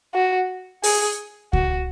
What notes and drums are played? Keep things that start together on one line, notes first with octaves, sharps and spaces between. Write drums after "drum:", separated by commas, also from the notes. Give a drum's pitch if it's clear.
F#4
G#4, drum: open hi-hat
F#4, drum: kick C#2